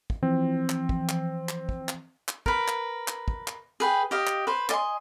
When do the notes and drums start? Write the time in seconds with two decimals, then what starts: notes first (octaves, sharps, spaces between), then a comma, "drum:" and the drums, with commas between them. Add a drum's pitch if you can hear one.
0.10 drum: kick
0.23 E3 F3 C4
0.69 drum: clap
0.89 drum: kick
1.09 drum: clap
1.49 drum: clap
1.69 drum: kick
1.89 drum: clap
2.28 drum: clap
2.46 A#4 B4, drum: kick
2.68 drum: clap
3.08 drum: clap
3.28 drum: kick
3.48 drum: clap
3.80 G#4 B4 G5
4.11 G4 D#5 F5
4.27 drum: clap
4.47 B4 C5
4.69 D5 D#5 G#5 C6, drum: clap